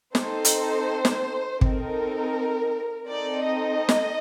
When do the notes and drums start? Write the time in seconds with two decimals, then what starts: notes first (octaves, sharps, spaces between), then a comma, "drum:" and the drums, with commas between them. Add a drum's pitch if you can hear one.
0.15 C4 D#4 A4 C5, drum: snare
0.45 drum: hi-hat
1.05 drum: snare
1.61 C4 D#4 A4 A#4, drum: kick
3.07 C4 D#4 A4 D5
3.43 D#5
3.89 drum: snare